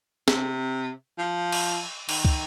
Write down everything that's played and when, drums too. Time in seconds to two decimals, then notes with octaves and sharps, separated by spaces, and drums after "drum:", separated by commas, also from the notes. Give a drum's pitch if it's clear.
0.28 C3, drum: snare
1.18 F3
1.52 drum: cymbal
2.09 D#3, drum: cymbal
2.25 drum: kick